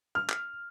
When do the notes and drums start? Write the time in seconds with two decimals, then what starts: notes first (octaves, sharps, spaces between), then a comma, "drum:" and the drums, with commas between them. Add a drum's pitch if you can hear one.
0.15 F6
0.30 drum: clap